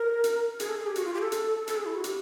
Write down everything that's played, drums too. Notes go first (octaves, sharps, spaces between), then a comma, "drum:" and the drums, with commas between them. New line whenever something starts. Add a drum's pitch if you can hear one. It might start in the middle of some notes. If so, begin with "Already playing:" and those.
Already playing: A#4
drum: hi-hat
G#4, drum: hi-hat
A4
G#4
G4
F#4, drum: hi-hat
F4
G4
G#4
A4
drum: hi-hat
A4, drum: hi-hat
G#4
E4
F#4
G4, drum: hi-hat